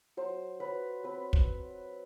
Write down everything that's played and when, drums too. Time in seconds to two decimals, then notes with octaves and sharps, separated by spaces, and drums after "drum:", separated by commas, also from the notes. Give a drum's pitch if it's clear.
0.17 F#3 C5
0.60 F#3 B4
1.04 C4 B4
1.33 drum: kick